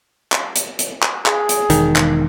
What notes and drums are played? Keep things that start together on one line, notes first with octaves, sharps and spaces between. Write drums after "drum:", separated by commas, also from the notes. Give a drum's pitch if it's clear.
drum: clap
drum: hi-hat
drum: hi-hat
drum: clap
G#4, drum: clap
drum: hi-hat
E1 D#3, drum: hi-hat
drum: clap